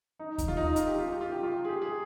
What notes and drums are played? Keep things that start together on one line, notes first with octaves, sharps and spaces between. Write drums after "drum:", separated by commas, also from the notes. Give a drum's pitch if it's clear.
D#4
drum: kick D#2, hi-hat
F4
D#4
F4, drum: hi-hat
G4
F4
G4
F4
G4
F4
G#4
G4
G#4